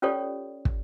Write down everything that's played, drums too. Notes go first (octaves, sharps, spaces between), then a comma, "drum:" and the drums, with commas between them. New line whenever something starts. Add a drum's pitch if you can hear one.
C#4 F4 G4 A4 C#5 D5
drum: kick